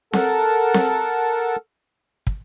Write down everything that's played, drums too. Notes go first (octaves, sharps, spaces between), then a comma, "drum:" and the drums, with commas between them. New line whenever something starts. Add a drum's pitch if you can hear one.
A4 A#4 F#5 A5, drum: snare C4
drum: snare C4
drum: kick